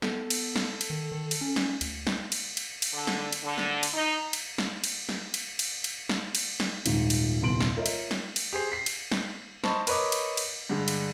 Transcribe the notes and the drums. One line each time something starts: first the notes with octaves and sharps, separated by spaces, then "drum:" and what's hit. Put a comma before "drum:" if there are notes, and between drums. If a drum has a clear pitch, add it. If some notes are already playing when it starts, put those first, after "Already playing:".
B3 A4, drum: snare
drum: cymbal
drum: snare
drum: cymbal
D#3
D#3
drum: cymbal
C#4
drum: snare
D2, drum: cymbal
drum: snare
drum: cymbal
drum: cymbal
drum: cymbal
D3
drum: snare
drum: cymbal
D3
drum: snare
drum: cymbal
D#4
drum: cymbal
drum: snare
drum: cymbal
drum: snare
drum: cymbal
drum: cymbal
drum: cymbal
drum: snare
drum: cymbal
drum: snare
D#1 G#2 F4, drum: cymbal
drum: cymbal
D#1 C2 B3 C6 D7 F#7
drum: snare
F4 A#4 C#5 D#5 E5
drum: cymbal
drum: snare
drum: cymbal
G4 G#4 C5 C7
B6 C7
drum: cymbal
drum: snare
C5 D#5 A5 B5 C#6, drum: snare
A#4 B4 C#5 D#5 D6, drum: cymbal
drum: cymbal
drum: cymbal
G2 D3 G#3
drum: cymbal